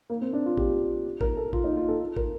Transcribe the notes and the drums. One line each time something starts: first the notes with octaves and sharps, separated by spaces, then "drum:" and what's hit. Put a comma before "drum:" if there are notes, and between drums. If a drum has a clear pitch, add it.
A#3
C4
D4
F4
G4, drum: kick
A#4, drum: kick
A4
F4, drum: kick
D#4
F4
A4
A#4, drum: kick